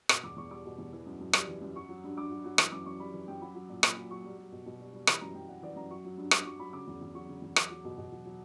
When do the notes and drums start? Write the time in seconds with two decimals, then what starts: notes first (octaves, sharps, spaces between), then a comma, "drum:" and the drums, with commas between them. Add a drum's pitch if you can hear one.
0.09 B2 C#6, drum: rim click
0.24 E2 D6
0.37 E2 C#6
0.51 G3 D6
0.65 B2
0.79 E2
0.93 E3
1.06 F#2
1.20 F#2
1.33 G3, drum: rim click
1.48 E3
1.61 F#2
1.75 F#3 C#6
1.89 F#3
2.04 G2
2.17 G2 D6
2.31 F#3
2.45 F#3
2.58 E3 C#6, drum: rim click
2.72 F#2 D6
2.86 F#2 C#6
3.00 G3 B5
3.14 E3
3.28 F#2 G5
3.41 F#3 B5
3.55 F#3
3.69 A#2
3.83 A#2 B5, drum: rim click
3.97 F#3
4.11 F#3 C#6
4.24 G3
4.38 G3
4.52 B2
4.66 B2
4.80 G3
4.93 G3
5.07 E3 B5, drum: rim click
5.21 F#2 A#5
5.34 F#2 G5
5.49 G3 F#5
5.63 E3 D5
5.76 F#2 A#5
5.90 F#3 C#6
6.05 F#3
6.17 G2
6.31 G2 D6, drum: rim click
6.46 F#3 C#6
6.59 F#3 B5
6.73 C#3 D6
6.87 E2
7.01 E2
7.15 F#3 C#6
7.29 C#3
7.42 E2
7.56 F#3 D6, drum: rim click
7.70 F#3
7.85 B2
7.97 B2
8.12 F#3
8.25 F#3